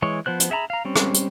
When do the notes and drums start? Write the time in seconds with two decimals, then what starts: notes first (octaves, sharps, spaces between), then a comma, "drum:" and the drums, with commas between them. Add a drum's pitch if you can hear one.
0.02 E3 G#3 C#5
0.26 F3 B3 C5 F#6
0.40 drum: hi-hat
0.50 G#4 E5 F#5 A#5 B5
0.70 F5 A#5
0.85 G3 C4 C#4
0.96 drum: rim click
1.14 drum: hi-hat